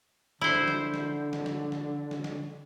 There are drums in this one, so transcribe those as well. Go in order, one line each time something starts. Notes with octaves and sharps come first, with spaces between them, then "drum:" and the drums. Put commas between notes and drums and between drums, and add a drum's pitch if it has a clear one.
D3 E4 C5
drum: snare
drum: snare
drum: snare
drum: snare
drum: snare
drum: snare
drum: snare
drum: snare